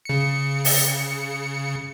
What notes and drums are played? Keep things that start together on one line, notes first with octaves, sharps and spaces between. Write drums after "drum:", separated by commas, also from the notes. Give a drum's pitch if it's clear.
C#3 C#7
drum: open hi-hat